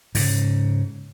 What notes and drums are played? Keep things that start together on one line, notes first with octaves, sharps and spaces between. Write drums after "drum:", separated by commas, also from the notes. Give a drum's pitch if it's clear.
G#2 C#3, drum: open hi-hat